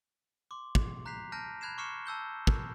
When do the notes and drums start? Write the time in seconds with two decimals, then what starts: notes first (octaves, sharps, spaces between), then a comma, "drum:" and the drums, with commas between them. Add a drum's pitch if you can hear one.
0.51 C6 D6
0.75 drum: kick
1.06 A#5 F#6 G6 B6 C7 F7
1.32 A5 F6 G6 A#6 D7
1.61 B5 F#6 G#6 C7 E7
1.78 C#6 D6 F6 C7 C#7 E7
2.06 A5 E6 G6 G7
2.47 drum: kick